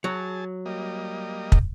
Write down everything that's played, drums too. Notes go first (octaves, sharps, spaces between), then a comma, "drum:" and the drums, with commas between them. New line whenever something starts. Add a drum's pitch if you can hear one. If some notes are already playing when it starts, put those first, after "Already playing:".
F#3 G#4 A5
G3 A#3 D#5
drum: kick